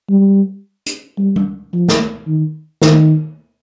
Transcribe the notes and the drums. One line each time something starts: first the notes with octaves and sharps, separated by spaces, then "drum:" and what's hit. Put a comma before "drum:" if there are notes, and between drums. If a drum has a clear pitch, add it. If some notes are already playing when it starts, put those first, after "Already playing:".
G3
drum: hi-hat
G3
drum: tom G3
F3
drum: snare
D#3
D#3, drum: snare